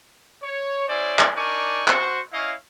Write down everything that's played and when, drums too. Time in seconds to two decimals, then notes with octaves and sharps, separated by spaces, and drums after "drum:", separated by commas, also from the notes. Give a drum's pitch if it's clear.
0.42 C#5
0.89 C#4 E4 G#4 C5 D5
1.19 drum: clap
1.36 D4 D#4 A#4 D5 G#5 C#6
1.88 F#4 C5 C#6, drum: clap
2.33 C#4 E4 C#5 D#5 F5